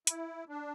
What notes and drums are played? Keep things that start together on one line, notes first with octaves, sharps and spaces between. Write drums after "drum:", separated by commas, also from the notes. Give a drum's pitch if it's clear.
E4, drum: hi-hat
D4